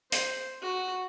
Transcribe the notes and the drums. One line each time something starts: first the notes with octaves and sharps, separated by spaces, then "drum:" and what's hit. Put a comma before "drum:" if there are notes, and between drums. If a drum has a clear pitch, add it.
C5, drum: hi-hat
F#4